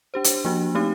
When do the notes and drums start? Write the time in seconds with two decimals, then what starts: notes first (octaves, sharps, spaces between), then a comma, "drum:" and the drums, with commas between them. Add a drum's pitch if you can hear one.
0.14 D4 G4 C5
0.24 drum: hi-hat
0.45 F3 A#3 D4 F#4
0.75 A3 C4 D#4 G4